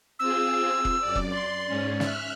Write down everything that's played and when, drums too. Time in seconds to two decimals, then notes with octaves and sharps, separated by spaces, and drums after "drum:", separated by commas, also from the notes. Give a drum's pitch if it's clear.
0.19 C4 F4 G#4 E6
0.85 drum: kick F1
1.00 F#2 D5
1.15 drum: kick F1
1.30 D5 C6
1.67 G#2 C#4
2.00 E5 F6 F#6, drum: snare